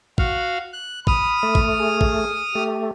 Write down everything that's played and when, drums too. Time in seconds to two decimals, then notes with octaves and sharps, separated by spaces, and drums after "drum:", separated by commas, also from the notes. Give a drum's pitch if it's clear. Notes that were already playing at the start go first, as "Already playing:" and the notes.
0.18 F#4 F5, drum: kick
0.73 F#6
1.07 B5 D#6 F6, drum: kick
1.43 A3
1.55 drum: kick
1.80 G#4
2.01 drum: kick
2.55 A3 G4